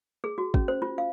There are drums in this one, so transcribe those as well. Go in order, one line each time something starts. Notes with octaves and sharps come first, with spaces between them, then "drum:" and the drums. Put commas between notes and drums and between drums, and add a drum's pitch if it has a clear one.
G#4
F#4
C#4, drum: kick
C5
F4
F5